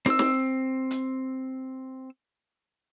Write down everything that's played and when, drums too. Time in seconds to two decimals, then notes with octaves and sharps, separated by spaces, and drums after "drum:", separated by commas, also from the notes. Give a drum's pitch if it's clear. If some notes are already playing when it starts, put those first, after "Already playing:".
0.06 C4 E6, drum: snare
0.19 drum: snare
0.91 drum: hi-hat